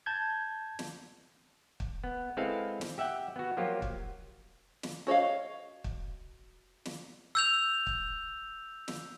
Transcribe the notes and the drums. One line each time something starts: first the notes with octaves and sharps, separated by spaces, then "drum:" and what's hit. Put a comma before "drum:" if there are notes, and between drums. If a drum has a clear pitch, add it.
A5 G6 G#6
drum: snare
drum: kick
B3
G#3 C4 E4 A4 B4 F5
drum: snare
G4 E5 F#5 G5
B3 F#4
F3 F#3 A#3 F4 G4
drum: kick
drum: snare
F#4 C#5 D#5 F5
drum: kick
drum: snare
E6 G6 F7
drum: kick
drum: snare